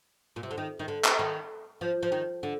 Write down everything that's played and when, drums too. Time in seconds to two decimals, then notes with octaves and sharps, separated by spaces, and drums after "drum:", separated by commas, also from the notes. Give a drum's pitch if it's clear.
0.36 A#2
0.43 C3
0.51 D3
0.58 D#3
0.79 D#3
0.88 D3
1.04 drum: clap
1.19 D#3
1.81 F3
2.03 F3
2.12 D#3
2.43 D3